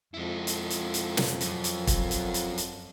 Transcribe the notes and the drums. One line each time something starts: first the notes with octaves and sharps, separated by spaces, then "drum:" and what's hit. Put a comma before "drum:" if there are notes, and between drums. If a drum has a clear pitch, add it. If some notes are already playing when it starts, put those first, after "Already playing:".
F2 G#3 E4
drum: hi-hat
drum: hi-hat
drum: hi-hat
drum: snare
F#2, drum: hi-hat
drum: hi-hat
drum: kick, hi-hat
drum: hi-hat
drum: hi-hat
drum: hi-hat